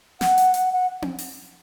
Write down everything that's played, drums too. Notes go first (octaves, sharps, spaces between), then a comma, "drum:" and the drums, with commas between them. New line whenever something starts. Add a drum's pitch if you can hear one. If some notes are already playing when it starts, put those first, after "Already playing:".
F#5, drum: snare
drum: hi-hat
drum: hi-hat
F#5
drum: tom C4
drum: open hi-hat